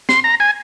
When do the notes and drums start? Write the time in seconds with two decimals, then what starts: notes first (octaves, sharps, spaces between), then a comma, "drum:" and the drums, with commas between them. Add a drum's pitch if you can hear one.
0.09 C6, drum: snare
0.24 A#5
0.40 G#5